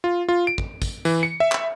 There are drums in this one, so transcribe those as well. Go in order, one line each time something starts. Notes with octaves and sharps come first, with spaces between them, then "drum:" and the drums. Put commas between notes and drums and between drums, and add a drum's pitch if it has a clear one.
F4
F4
D7
drum: kick
drum: kick, tambourine
E3, drum: tambourine
C#7
E5
drum: clap